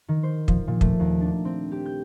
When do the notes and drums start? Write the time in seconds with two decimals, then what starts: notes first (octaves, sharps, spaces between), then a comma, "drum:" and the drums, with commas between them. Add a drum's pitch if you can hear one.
0.08 D#3
0.23 C5
0.48 F3, drum: kick
0.68 A#2
0.81 A3, drum: kick
1.00 D#2
1.21 D4
1.45 C4
1.72 G4
1.86 G6